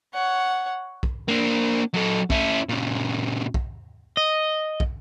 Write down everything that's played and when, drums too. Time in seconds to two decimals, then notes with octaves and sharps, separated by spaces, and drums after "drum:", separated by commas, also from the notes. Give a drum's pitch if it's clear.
0.14 C#5 F#5
1.03 drum: kick
1.28 A#3 D4
1.94 F#3 A4
2.30 C#4 E4, drum: kick
2.69 A#2 C#3
3.54 drum: kick
4.17 D#5
4.80 drum: kick